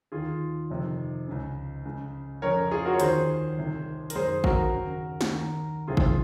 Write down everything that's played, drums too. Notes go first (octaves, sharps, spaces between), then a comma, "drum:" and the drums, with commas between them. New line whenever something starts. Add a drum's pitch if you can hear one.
D#2 D#3 F4 G#4
F2 C3 D#3
C#2 C#3
C#2 C#3
F2 C#3 A#4 C#5
F4 G#4
F#4 A#4
C#5
D#2 D#3 G#4 C5, drum: hi-hat
C2 C3 D#3
A#4, drum: hi-hat
F#2 D#3 G#4 C5
F#4 A#4, drum: kick
D#2 C#3
drum: snare
D#2 D#3
C2 C3 D#3 F4 G#4
drum: kick